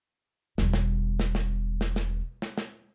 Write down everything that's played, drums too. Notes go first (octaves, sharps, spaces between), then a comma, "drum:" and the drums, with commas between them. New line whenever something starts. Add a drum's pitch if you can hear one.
E1 G3, drum: snare
drum: snare
drum: snare
drum: snare
drum: snare
drum: snare
drum: snare
drum: snare